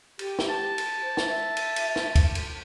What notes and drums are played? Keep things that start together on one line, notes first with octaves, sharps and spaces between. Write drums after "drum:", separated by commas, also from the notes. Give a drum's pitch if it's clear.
G4, drum: cymbal
drum: snare
A5
drum: cymbal
C5
drum: snare
E5
drum: cymbal
drum: cymbal
drum: snare
drum: kick, cymbal
drum: cymbal